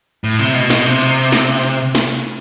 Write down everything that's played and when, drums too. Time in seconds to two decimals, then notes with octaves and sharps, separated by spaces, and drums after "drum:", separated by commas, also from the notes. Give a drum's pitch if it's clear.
0.24 A2
0.39 C3, drum: hi-hat
0.54 B2
0.70 drum: snare
0.86 C3
1.01 drum: hi-hat
1.32 drum: snare
1.64 drum: hi-hat
1.95 drum: snare